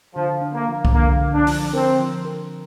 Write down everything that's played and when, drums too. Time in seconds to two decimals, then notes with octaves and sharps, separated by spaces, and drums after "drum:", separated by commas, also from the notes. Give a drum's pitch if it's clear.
0.15 D3 F3
0.41 D4
0.55 A#3
0.68 F3
0.85 drum: kick C2
0.94 D3 A#3
1.20 D3
1.34 D4
1.47 F3, drum: open hi-hat
1.73 C4 A#4
1.99 F3
2.25 A#4